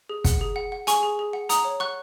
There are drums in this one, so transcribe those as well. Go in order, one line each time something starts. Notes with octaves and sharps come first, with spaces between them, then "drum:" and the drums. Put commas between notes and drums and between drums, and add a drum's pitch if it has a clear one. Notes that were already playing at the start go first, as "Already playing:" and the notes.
G#4
F#5, drum: kick, hi-hat
G#4
F#5
F#5
G#4 G#5 C#6, drum: hi-hat
G#4
G#4
F#5
F#5 A#5 D#6, drum: hi-hat
C#5
F#5 C#6 F#6